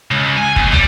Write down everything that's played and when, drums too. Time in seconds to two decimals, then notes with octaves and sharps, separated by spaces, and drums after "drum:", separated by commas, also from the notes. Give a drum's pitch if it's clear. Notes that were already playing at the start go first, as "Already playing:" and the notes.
0.11 C#2
0.37 G#5
0.56 D#2, drum: kick
0.72 G3, drum: tom